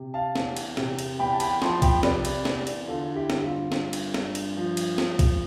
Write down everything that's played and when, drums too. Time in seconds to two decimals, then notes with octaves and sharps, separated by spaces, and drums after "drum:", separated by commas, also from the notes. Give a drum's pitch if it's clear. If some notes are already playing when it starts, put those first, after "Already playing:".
Already playing: C3
0.14 F5 A5
0.36 E2, drum: snare
0.57 drum: cymbal
0.77 C3, drum: snare
0.99 drum: cymbal
1.19 E2 G5 B5
1.33 A5
1.40 G5 B5, drum: cymbal
1.62 F3 A5 C6, drum: snare
1.82 G5 B5, drum: kick B1, cymbal
2.03 C3 B4 D5, drum: snare
2.25 drum: cymbal
2.45 E2, drum: snare
2.67 drum: cymbal
2.88 D3 F4 A4
3.15 E4 G4
3.30 G1, drum: snare
3.44 F4
3.72 G2, drum: snare
3.93 drum: cymbal
4.14 G2, drum: snare
4.35 drum: cymbal
4.57 F3
4.77 drum: cymbal
4.98 F3, drum: snare
5.19 drum: kick B1, cymbal